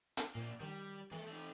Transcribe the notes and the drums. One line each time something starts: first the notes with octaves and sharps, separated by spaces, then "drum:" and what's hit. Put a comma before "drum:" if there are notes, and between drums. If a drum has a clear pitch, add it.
drum: hi-hat
A#2 A#3 D4
D#3 G3
E3 G#3 A4
A3 D#4